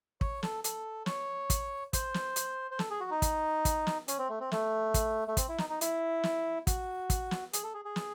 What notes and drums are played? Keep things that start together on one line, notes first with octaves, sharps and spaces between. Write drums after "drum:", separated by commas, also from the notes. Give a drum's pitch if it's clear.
C#5, drum: kick
A4, drum: snare
A4, drum: hi-hat
C#5, drum: snare
drum: kick, hi-hat
C5, drum: kick, hi-hat
drum: snare
drum: hi-hat
C5
A4, drum: snare
G#4
F#4
D#4
drum: kick, hi-hat
drum: kick, hi-hat
drum: snare
C#4, drum: hi-hat
C4
A3
C4
A3, drum: snare
drum: kick, hi-hat
A3
C4, drum: kick, hi-hat
E4
D#4, drum: snare
D#4
E4, drum: hi-hat
drum: snare
F#4, drum: kick, hi-hat
drum: kick, hi-hat
drum: snare
G#4, drum: hi-hat
A4
G#4
G#4
drum: snare